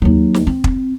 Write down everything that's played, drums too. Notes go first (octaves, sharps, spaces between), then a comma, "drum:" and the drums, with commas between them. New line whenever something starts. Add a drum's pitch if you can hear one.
D#2 F#3
drum: snare
C4
drum: kick